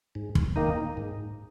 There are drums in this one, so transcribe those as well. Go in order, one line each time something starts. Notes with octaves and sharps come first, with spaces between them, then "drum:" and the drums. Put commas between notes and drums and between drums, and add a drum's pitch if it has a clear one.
G#2
drum: kick
D#3 A#3 D#4
G#2